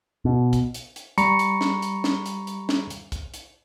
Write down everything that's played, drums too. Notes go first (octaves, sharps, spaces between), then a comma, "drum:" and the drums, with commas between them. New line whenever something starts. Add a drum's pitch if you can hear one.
B2
drum: kick, hi-hat
drum: hi-hat
drum: hi-hat
G3 A#5 B5 C#6 C#7, drum: hi-hat
drum: hi-hat
drum: snare
drum: hi-hat
drum: snare
drum: hi-hat
drum: hi-hat
drum: snare
drum: hi-hat
drum: kick, hi-hat
drum: hi-hat